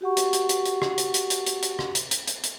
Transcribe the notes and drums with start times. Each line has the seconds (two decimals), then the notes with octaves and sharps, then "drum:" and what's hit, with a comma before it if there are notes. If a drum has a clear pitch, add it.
0.01 F#4 G4 F#5 C#6
0.17 drum: hi-hat
0.33 drum: hi-hat
0.49 drum: hi-hat
0.65 drum: hi-hat
0.82 drum: rim click
0.98 drum: hi-hat
1.14 drum: hi-hat
1.30 drum: hi-hat
1.46 drum: hi-hat
1.63 drum: hi-hat
1.79 drum: rim click
1.95 drum: hi-hat
2.11 drum: hi-hat
2.27 drum: hi-hat
2.44 drum: hi-hat